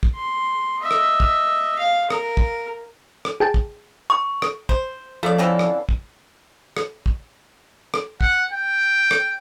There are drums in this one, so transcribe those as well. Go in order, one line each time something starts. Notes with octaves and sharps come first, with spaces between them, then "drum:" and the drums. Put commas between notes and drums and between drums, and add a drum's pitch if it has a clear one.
drum: kick
C6
D#5 E5
drum: rim click
drum: kick
F5
A#4, drum: rim click
drum: kick
drum: rim click
G#4 G5 A5
drum: kick
C#6
drum: rim click
C5, drum: kick
C#3 F3 A3 A4 D5 E5 F5
D3 E3 C4 C#4 E4 A4 D#5
drum: rim click
drum: kick
drum: rim click
drum: kick
drum: rim click
F#5, drum: kick
G5
drum: rim click